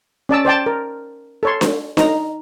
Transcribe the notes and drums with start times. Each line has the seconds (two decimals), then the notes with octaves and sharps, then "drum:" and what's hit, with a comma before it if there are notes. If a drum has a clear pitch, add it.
0.29 C#4 D5 A5 E6
0.45 C5 D5 G5 A5
0.66 A#4
1.43 A4 C#5 C6
1.61 drum: snare D4
1.97 D#4 A#5, drum: snare D4